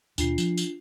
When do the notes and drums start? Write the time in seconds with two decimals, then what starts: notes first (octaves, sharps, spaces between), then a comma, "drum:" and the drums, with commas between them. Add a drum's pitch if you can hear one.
0.18 D#2 B2 D4 F4 C7, drum: tambourine
0.38 F3, drum: tambourine
0.58 drum: tambourine